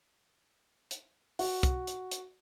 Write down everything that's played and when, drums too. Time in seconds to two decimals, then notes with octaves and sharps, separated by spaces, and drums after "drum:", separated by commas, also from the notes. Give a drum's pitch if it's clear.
0.91 drum: hi-hat
1.39 F#4, drum: open hi-hat
1.63 drum: kick, hi-hat
1.87 drum: hi-hat
2.11 drum: hi-hat